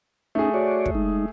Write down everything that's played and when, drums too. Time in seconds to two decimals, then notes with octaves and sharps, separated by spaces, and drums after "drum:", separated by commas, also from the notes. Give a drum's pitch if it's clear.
0.35 A3 C#4 D#4 G#4
0.54 F#4 C#5 D5
0.86 drum: kick
0.95 G#3 D#4